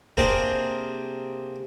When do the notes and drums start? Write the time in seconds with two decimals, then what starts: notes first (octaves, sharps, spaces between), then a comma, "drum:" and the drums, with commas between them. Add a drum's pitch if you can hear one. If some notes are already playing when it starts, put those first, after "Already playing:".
0.17 C3 A#3 C4 D4 G#4 A#4, drum: kick D#1